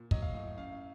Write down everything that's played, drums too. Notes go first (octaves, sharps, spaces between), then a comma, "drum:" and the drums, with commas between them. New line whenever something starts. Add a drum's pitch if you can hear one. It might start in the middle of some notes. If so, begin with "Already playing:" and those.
Already playing: A#2
F#3 D#5, drum: kick
F5
A2 D#5
F#2 F5